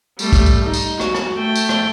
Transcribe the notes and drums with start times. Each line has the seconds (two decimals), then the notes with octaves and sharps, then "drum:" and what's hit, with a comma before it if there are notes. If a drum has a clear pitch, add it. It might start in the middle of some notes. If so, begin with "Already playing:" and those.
0.19 G3 A3, drum: tambourine
0.33 drum: kick, tambourine
0.46 drum: tambourine
0.64 D#4
0.74 drum: tambourine
1.00 F#4, drum: rim click
1.15 drum: rim click
1.35 A3 G5
1.56 drum: tambourine
1.69 drum: rim click